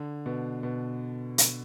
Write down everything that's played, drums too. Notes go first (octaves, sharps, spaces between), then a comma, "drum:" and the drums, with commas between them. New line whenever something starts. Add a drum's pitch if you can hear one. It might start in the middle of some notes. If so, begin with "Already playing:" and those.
Already playing: D3
B2
B2
drum: hi-hat